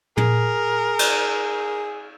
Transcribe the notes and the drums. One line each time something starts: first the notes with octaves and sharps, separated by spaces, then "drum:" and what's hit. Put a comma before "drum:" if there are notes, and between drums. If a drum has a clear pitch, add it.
G#4 A#4, drum: tom
drum: cymbal